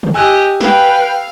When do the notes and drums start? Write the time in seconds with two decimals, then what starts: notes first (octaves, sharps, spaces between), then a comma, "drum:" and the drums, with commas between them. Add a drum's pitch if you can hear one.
0.03 drum: tom
0.14 G4 D#5 G#5 E6 F#6
0.60 B4 F5 G5, drum: snare